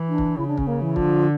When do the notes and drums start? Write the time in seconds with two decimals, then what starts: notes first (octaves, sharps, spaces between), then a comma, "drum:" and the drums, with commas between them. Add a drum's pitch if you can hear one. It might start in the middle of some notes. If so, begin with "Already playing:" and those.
Already playing: E3
0.09 D4
0.18 drum: kick
0.38 C#3 E4
0.47 D4
0.58 C#4, drum: kick
0.67 A#3
0.82 E3
0.96 D3 F3, drum: kick